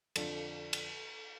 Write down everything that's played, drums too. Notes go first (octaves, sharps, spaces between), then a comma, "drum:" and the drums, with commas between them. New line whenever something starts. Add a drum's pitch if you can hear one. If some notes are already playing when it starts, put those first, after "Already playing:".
F2 D3 F3 D4 A4, drum: cymbal
drum: cymbal